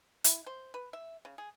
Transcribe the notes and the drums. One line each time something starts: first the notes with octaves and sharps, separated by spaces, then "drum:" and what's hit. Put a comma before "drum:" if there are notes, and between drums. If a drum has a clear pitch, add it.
E4, drum: hi-hat
C5
B4
E5
C#3
G#4